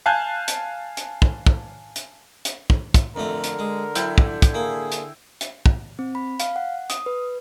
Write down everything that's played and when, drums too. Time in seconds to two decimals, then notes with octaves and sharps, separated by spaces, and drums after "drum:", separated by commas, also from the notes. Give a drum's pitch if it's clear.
0.06 F5 G#5 A5 F#6 G6
0.48 drum: hi-hat
0.97 drum: hi-hat
1.22 drum: kick
1.47 drum: kick
1.96 drum: hi-hat
2.45 drum: hi-hat
2.70 drum: kick
2.94 drum: kick, hi-hat
3.16 F2 D3 A3 A#4
3.44 drum: hi-hat
3.59 G#3
3.95 F#3 E4 G5, drum: hi-hat
4.18 drum: kick
4.42 drum: kick, hi-hat
4.54 A#3 G#4
4.92 drum: hi-hat
5.41 drum: hi-hat
5.66 drum: kick
5.99 C4
6.15 B5
6.40 F5, drum: hi-hat
6.56 F#5
6.90 D#6, drum: hi-hat
7.06 B4